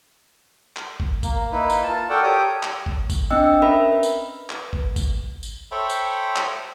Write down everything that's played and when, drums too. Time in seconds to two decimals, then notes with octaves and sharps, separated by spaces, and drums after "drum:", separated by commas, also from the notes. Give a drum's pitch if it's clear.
0.76 drum: clap
1.00 drum: kick G#1
1.23 A#3, drum: kick G#1, tambourine
1.52 A#3 D#4 E4 B4
1.70 drum: tambourine
1.83 F4 A5
2.10 F#4 A4 A#4 D5 F#5 G5
2.23 G4 A4 C#5 D6 D#6
2.63 drum: clap
2.86 drum: kick G#1
3.10 drum: kick G#1, tambourine
3.30 C4 D4 D#5 G5 E6
3.62 C#4 A#4 E5 B5
3.92 B4
4.03 drum: tambourine
4.50 drum: clap
4.73 drum: kick G#1
4.96 drum: kick G#1, tambourine
5.43 drum: tambourine
5.71 A4 C5 C#5 E5 G5 B5
5.90 drum: tambourine
6.36 drum: clap